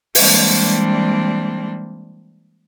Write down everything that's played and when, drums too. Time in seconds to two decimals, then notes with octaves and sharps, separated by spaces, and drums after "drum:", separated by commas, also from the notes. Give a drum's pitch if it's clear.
0.15 E3 G3 G#3 A#3 C4 D4, drum: open hi-hat